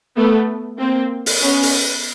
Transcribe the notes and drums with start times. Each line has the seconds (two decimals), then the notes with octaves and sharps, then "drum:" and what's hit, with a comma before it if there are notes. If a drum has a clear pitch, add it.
0.15 A3 B3
0.78 A#3 C4
1.26 drum: open hi-hat
1.41 B3 C#4
1.63 drum: open hi-hat